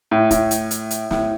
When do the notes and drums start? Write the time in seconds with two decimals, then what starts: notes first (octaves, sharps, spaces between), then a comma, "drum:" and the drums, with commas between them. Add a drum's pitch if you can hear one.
0.11 A2
0.31 A2, drum: kick, hi-hat
0.51 drum: hi-hat
0.71 drum: hi-hat
0.91 drum: hi-hat
1.11 A2, drum: snare